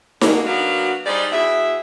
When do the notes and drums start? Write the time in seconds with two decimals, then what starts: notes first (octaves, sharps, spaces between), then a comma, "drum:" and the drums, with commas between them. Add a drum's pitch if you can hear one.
0.21 D3 F#3 G#3 A#3, drum: snare D#4
0.46 F#3 A#3 B3 D4 F#4 F5
1.06 G3 G#3 D#4 C5 D5
1.32 B2 E4 G#4 E5